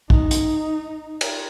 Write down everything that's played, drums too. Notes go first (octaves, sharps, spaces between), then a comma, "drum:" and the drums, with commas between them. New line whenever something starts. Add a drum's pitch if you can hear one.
D#4, drum: kick
drum: hi-hat
drum: cymbal